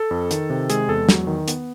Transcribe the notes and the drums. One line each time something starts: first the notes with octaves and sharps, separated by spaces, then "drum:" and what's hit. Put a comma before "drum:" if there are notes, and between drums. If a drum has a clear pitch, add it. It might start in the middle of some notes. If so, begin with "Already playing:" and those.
Already playing: A4
F2
D#3, drum: hi-hat
C3
G#3 G#4, drum: hi-hat
E2 A4
F#3, drum: snare
D#3
B3, drum: hi-hat